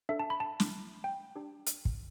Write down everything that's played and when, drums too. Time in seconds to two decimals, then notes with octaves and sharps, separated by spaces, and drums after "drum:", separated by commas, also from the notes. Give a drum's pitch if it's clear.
0.09 D4 A4 E5
0.20 A5
0.30 B5
0.40 A5
0.60 drum: snare
1.04 G5
1.36 D4 G4
1.66 drum: hi-hat
1.85 drum: kick